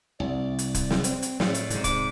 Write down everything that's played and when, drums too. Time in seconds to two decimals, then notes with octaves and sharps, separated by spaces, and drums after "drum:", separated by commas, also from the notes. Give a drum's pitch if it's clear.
0.20 C2 D5
0.59 drum: hi-hat
0.75 drum: kick, hi-hat
0.91 drum: snare
1.04 C4, drum: hi-hat
1.22 drum: hi-hat
1.40 A2 D5, drum: snare
1.54 drum: hi-hat
1.70 G#2 C3, drum: hi-hat
1.84 D6, drum: kick, hi-hat